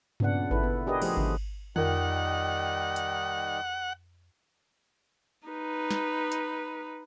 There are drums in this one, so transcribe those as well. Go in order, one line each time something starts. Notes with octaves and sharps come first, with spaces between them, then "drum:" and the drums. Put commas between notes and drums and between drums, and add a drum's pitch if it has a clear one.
A#2 C#3 B3 D4 F#5, drum: tom G2
E4 A4 B4, drum: kick G#1
B3
D4 G4 G#4 A#4 B4 D#5
F3 A3 G4 G#4 C5, drum: cymbal
D3, drum: kick G#1
F2 D#3 G3 D#4 A#4 F#5 G5, drum: tom D3
drum: hi-hat
D#4 B4
drum: snare
drum: hi-hat